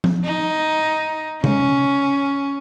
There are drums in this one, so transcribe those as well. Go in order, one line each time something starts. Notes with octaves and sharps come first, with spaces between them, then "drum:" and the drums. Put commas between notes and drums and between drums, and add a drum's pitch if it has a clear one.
drum: tom F3
D#4
C#4, drum: tom C3